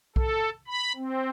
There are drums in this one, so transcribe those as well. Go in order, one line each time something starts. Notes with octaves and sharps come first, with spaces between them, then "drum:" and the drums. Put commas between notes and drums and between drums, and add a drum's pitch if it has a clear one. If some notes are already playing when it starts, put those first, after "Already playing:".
A4, drum: kick B1
B5
C4